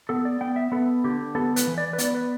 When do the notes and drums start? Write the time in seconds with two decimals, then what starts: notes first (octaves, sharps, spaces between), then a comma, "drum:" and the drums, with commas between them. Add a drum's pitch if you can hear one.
0.09 B3 A4
0.25 D5
0.41 B3 G5
0.56 E5
0.72 B3 A4
1.04 D3 G4
1.35 B3 A4
1.56 B4, drum: hi-hat
1.67 E3
1.78 D5
1.93 B4
1.98 B3 D5, drum: hi-hat
2.15 B4